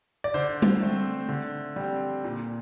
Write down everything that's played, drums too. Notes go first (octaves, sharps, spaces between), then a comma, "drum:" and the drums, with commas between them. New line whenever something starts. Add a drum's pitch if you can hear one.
D5
D3 C5
drum: tom G3
A3 C4
D3
G3 C4
A#2